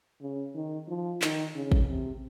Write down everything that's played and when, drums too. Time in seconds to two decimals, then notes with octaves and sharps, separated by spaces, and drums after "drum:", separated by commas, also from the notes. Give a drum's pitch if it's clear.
0.21 C#3
0.55 D#3
0.88 F3
1.22 D#3, drum: clap
1.55 C#3
1.72 drum: kick G#1
1.89 C3